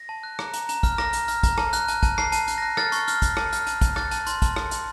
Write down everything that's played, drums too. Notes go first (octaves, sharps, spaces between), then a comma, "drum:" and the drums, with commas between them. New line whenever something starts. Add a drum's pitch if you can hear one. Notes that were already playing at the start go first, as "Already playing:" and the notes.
Already playing: A#6
A5
F#6
A#5, drum: rim click
A#5, drum: hi-hat
A#5, drum: hi-hat
F6, drum: kick, hi-hat
A#5 A#6, drum: rim click
A#5, drum: hi-hat
F6, drum: hi-hat
A#5, drum: kick, hi-hat
A5, drum: rim click
F#6, drum: hi-hat
A5, drum: hi-hat
A5, drum: kick, hi-hat
A5 C7, drum: rim click
A5, drum: hi-hat
F#6, drum: hi-hat
F#6 A#6
F6 A6, drum: rim click
C#6, drum: hi-hat
F6, drum: hi-hat
F6, drum: kick, hi-hat
A5, drum: rim click
F6, drum: hi-hat
A5, drum: hi-hat
A5, drum: kick, hi-hat
F#6 A6, drum: rim click
A5, drum: hi-hat
C6, drum: hi-hat
A5, drum: kick, hi-hat
A5, drum: rim click
C6, drum: hi-hat